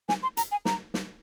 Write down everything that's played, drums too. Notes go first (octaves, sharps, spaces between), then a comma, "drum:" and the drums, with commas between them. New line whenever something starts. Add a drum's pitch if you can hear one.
G#5, drum: snare
C6
A#5, drum: hi-hat
G#5
A#5, drum: snare
drum: snare